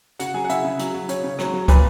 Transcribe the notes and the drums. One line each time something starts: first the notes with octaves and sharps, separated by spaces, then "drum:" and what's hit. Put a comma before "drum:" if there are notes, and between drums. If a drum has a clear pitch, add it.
C#3 F#4 F#5, drum: hi-hat
F#3 G#4 G#5
F#5
C#3 E4 E5, drum: hi-hat
C#3
F#3, drum: hi-hat
F#3
C#3 C#5, drum: hi-hat
C#3
F#3, drum: rim click
F#3
A#2 B4, drum: kick, hi-hat